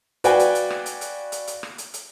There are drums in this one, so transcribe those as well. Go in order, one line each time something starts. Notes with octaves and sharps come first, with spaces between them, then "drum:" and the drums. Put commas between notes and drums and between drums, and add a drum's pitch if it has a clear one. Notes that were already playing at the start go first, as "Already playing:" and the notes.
F#4 B4 D5 F5 G5 G#5, drum: hi-hat
drum: hi-hat
drum: hi-hat
drum: rim click
drum: hi-hat
drum: hi-hat
drum: hi-hat
drum: hi-hat
drum: rim click
drum: hi-hat
drum: hi-hat